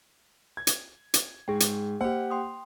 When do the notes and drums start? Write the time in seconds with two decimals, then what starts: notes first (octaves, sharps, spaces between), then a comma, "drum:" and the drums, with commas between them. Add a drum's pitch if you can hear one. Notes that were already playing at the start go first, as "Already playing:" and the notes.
0.57 G#6
0.67 drum: hi-hat
1.14 drum: hi-hat
1.48 G#2 G#4 G5
1.60 drum: hi-hat
2.01 A#3 G4 C5 F#5
2.30 G5 C6 D#6